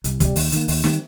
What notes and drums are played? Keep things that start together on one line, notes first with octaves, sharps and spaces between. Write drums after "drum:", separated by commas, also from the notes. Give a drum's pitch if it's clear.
C2, drum: hi-hat
C3 G3, drum: kick, hi-hat
D#2, drum: open hi-hat
D#3 A#3, drum: hi-hat
D#2, drum: open hi-hat
D#3 G3 C4, drum: snare